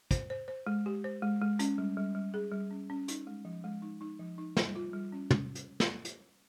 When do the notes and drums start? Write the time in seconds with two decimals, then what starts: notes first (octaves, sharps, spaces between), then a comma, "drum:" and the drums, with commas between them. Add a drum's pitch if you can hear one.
0.11 C5, drum: kick, hi-hat
0.30 C5
0.48 C5
0.67 G#3
0.86 G4
1.04 C5
1.22 G#3
1.42 G#3
1.59 C#4, drum: hi-hat
1.78 G3
1.97 G3
2.15 G3
2.34 G#4
2.52 G3
2.71 C#4
2.90 C#4
3.08 D#4, drum: hi-hat
3.27 G#3
3.45 F3
3.64 G#3
3.82 D#4
4.01 D#4
4.19 F3
4.38 D#4
4.57 G3, drum: snare
4.75 F4
4.93 G3
5.12 C#4
5.31 drum: tom
5.55 drum: hi-hat
5.80 drum: snare
6.05 drum: hi-hat